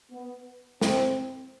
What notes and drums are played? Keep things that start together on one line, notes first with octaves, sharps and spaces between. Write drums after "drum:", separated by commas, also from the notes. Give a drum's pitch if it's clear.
B3
C4, drum: snare